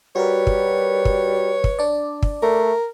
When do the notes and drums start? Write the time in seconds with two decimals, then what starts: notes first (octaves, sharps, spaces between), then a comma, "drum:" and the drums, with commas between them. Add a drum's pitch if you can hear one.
0.16 G3 F#4 A#4 B4 C#5
0.47 drum: kick
1.05 drum: kick
1.64 drum: kick
1.79 D4 D5
2.23 drum: kick
2.43 A3 A#4